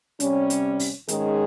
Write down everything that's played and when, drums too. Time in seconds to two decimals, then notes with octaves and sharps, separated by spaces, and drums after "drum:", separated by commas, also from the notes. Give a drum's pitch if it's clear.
0.20 C3 G3 C#4, drum: hi-hat
0.50 drum: hi-hat
0.80 drum: open hi-hat
1.08 G#2 D#3 G#3 C#4 G#4, drum: hi-hat